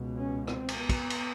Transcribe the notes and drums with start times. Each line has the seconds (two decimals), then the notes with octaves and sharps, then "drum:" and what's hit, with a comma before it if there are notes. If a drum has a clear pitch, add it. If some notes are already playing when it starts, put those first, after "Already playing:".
Already playing: C#2 B2
0.16 C#4
0.47 C4, drum: rim click
0.69 drum: cymbal
0.79 B3
0.89 drum: kick, cymbal
1.10 drum: cymbal